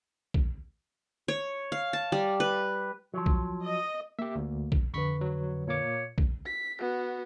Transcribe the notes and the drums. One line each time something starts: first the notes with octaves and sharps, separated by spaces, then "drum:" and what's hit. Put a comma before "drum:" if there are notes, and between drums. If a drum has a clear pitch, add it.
drum: kick A#1
C#5
F5
A5
G3
B4
F3 F#3
drum: kick A#1
D#5
A#3 G4 E5
D2
drum: kick A#1
F2 D3 B4 B5 C#6 B6
F#3
A#2 A#3 C#5 D6
drum: kick A#1
B6
B3 F#4